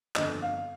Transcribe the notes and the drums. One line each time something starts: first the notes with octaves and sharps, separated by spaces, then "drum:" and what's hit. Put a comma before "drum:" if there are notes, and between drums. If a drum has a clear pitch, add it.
G1 F2 D3 D#5, drum: clap
F5